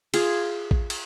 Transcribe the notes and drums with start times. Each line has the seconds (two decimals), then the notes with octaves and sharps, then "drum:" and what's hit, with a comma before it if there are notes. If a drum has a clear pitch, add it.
0.14 F4 G#4, drum: cymbal
0.71 drum: kick A1
0.90 drum: cymbal